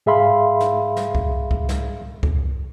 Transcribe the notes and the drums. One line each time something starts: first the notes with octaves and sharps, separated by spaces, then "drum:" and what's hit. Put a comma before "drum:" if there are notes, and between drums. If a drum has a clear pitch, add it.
G#2 G#4 E5 F5 B5 C6
drum: snare
drum: snare
drum: kick C2
drum: kick C2
drum: snare
drum: kick C2